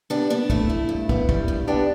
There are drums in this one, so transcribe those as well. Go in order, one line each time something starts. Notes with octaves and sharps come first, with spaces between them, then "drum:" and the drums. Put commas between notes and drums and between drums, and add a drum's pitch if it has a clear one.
B3 D4 G4
B3 D4
A3 E4, drum: kick
A3
G2
B3, drum: kick
G3, drum: kick
G2
B3 D4 G4